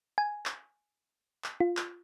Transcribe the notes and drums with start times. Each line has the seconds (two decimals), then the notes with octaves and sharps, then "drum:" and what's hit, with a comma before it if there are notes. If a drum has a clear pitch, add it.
0.18 G#5
0.46 drum: clap
1.44 drum: clap
1.60 F4
1.77 drum: clap